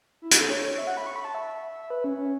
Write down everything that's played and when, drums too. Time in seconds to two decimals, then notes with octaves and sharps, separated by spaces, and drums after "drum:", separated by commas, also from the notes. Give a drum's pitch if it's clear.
0.22 E4
0.31 F#4, drum: hi-hat
0.41 A4
0.50 C#5
0.64 C#5
0.78 E5
0.87 F#5
0.97 B5
1.06 C#6
1.16 B5
1.25 A5
1.35 E5
1.90 B4
2.04 C#4
2.18 C#4